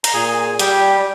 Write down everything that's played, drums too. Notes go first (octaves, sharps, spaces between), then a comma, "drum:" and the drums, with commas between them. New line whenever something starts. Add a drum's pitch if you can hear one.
A#5, drum: hi-hat
A#2 G#4 G#5
G3 G4 G5, drum: hi-hat